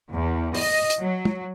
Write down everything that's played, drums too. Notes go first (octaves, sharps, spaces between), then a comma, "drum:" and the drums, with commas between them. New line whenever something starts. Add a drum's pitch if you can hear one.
E2
D#5, drum: open hi-hat
drum: hi-hat
F#3
drum: tom